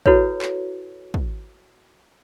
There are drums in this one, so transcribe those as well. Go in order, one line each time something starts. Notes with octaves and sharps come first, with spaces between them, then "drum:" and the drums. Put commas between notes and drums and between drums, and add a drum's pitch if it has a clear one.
E4 F#4 A4 B4 C#5, drum: kick
drum: clap
drum: kick